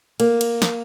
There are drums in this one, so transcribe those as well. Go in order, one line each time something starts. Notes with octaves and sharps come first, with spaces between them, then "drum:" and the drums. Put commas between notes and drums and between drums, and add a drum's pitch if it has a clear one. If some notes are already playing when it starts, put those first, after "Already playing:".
A#3, drum: cymbal
drum: cymbal
drum: snare